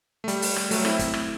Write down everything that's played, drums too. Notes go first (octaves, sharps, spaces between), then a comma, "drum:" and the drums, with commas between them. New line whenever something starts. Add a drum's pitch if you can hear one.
A3
G3, drum: hi-hat
drum: open hi-hat
drum: rim click
F#3 A3, drum: open hi-hat
C4 E4, drum: rim click
drum: kick, hi-hat
drum: rim click